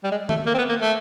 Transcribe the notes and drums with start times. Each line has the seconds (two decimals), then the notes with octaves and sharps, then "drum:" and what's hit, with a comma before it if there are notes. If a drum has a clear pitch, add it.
0.04 G3
0.11 G#3
0.29 A3, drum: tom D#3
0.46 A#3
0.54 C4
0.58 B3
0.69 A#3
0.82 A3